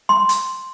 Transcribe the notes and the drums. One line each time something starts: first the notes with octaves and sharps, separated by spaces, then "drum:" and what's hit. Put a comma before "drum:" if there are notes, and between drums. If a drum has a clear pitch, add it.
C6
drum: hi-hat